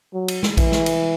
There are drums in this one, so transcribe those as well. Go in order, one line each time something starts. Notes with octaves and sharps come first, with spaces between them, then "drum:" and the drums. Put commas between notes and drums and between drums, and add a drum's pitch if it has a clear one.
F#3
drum: cymbal
drum: snare
E3, drum: kick A#1, cymbal
drum: snare
drum: cymbal